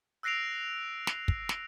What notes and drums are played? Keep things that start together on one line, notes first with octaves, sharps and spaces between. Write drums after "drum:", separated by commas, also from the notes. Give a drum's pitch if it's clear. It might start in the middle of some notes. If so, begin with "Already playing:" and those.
E6 F#6 A#6 C7 D7 F7
drum: snare
drum: kick
drum: snare